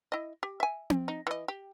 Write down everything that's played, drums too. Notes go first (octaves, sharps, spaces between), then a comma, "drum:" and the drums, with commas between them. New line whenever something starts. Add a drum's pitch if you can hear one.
E4 D#5
G4
E5 G#5
drum: tom C4
D#4
E3 D#5
G4